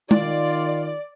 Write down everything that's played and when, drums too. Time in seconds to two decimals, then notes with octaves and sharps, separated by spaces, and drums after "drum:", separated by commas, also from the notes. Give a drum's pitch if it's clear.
0.11 D#3 F4 D5, drum: tom